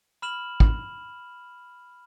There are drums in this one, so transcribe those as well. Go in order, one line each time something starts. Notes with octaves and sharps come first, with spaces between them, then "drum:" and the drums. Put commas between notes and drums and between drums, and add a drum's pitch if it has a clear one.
B5 F6 E7 F#7
drum: kick